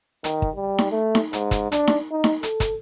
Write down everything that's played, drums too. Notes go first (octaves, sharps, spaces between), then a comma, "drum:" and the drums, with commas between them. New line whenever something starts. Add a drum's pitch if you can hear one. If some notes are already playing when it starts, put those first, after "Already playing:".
D#3, drum: hi-hat
drum: kick
G3
drum: snare D#4
A3
drum: snare D#4
G#2, drum: hi-hat
drum: kick, hi-hat
D4, drum: hi-hat
drum: snare D#4
D#4
drum: snare D#4
A4, drum: hi-hat
drum: kick, hi-hat